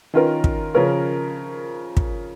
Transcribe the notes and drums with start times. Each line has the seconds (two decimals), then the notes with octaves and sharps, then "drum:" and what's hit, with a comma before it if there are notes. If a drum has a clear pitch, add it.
0.14 D#3 C#4 F4 A#4
0.44 drum: kick
0.74 C#3 F3 C#4 A#4 C#5
1.97 drum: kick